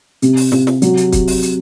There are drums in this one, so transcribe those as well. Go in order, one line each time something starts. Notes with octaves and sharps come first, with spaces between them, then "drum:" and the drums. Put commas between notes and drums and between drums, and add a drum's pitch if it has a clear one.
C3, drum: hi-hat
drum: open hi-hat
C3, drum: snare
drum: snare
F#3, drum: hi-hat
drum: hi-hat
drum: kick, hi-hat
drum: open hi-hat
drum: hi-hat